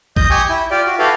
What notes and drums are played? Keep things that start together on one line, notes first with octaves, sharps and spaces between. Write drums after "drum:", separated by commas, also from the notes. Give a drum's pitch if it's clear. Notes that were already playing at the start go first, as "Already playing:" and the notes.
D#5 D#6 G6, drum: kick A1
G4 G#5 C#6 D#6 G6
E4
F4 G4 D5
F#4
E4 F#4 G4 A4 B4 F5